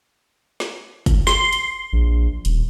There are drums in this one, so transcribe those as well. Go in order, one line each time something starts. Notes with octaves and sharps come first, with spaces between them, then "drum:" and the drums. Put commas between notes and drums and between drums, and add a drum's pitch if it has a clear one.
drum: snare
drum: kick, hi-hat
C6, drum: snare
drum: hi-hat
A#1
D#1, drum: hi-hat